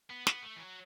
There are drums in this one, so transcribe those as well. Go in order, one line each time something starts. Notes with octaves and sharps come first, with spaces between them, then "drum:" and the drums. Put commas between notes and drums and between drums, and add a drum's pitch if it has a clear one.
B3
B3, drum: snare
A3
E3
F#3